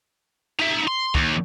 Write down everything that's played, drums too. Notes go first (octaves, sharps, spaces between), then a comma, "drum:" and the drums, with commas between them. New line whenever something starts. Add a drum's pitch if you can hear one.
D#4 E5
C6
D#2, drum: kick